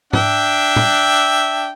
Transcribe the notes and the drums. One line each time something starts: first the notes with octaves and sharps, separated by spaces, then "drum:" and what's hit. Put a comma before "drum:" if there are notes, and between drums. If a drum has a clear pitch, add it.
D4 E5 G5, drum: tom G#2
drum: tom